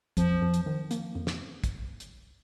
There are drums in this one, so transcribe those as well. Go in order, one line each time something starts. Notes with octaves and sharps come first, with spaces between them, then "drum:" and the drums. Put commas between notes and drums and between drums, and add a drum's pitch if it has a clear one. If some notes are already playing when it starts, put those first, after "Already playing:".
F2 F3, drum: kick, hi-hat
F2
drum: hi-hat
D#3
A#3, drum: hi-hat
F2
drum: snare
drum: kick, hi-hat
drum: hi-hat